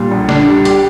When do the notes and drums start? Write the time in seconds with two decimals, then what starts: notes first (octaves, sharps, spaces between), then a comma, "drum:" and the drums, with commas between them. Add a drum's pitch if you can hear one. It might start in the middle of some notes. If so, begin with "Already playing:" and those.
Already playing: A#2 G3 D4
0.11 A#1
0.29 D4, drum: snare
0.47 G3
0.65 G4, drum: hi-hat